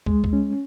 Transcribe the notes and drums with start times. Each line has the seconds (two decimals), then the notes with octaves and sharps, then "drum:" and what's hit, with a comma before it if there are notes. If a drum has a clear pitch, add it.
0.06 G#3, drum: kick
0.24 drum: kick
0.33 C#4